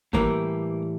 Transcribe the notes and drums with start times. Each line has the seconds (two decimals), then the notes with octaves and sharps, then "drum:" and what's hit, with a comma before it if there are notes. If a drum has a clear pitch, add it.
0.13 A2 E3 G3 A#3, drum: kick